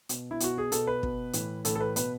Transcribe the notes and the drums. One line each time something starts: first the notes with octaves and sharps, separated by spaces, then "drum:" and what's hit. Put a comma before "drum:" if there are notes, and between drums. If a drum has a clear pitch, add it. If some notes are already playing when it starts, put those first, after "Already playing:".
B2, drum: hi-hat
E4
B2 F#4, drum: hi-hat
G#4
B2 A4, drum: hi-hat
B4
B2, drum: kick
A2 E3, drum: hi-hat
A2 E3 A4, drum: hi-hat
A4
B4
B2 B4, drum: hi-hat